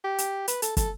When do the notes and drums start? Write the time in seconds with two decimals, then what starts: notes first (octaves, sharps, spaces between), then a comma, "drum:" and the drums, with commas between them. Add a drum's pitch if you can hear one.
0.04 G4
0.18 drum: hi-hat
0.48 B4, drum: hi-hat
0.62 A4, drum: hi-hat
0.77 A4, drum: kick, hi-hat